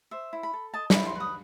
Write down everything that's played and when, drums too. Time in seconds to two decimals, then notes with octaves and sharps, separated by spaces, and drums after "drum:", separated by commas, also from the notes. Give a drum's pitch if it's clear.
0.11 C5 E5
0.33 E4
0.43 B5
0.53 A4
0.74 D#5 A5
0.90 E4 B5, drum: snare
1.06 C6
1.15 B4 D#6